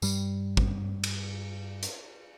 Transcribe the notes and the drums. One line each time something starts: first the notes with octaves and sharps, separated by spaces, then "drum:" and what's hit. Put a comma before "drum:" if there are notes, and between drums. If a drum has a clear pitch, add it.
G2 G3, drum: tambourine
drum: kick
drum: cymbal
drum: hi-hat